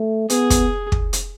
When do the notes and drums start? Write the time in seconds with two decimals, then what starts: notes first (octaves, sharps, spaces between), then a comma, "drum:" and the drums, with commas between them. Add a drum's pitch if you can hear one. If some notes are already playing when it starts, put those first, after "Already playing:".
Already playing: A3
0.30 B3 G#4, drum: hi-hat
0.50 drum: kick, hi-hat
0.92 drum: kick
1.13 drum: hi-hat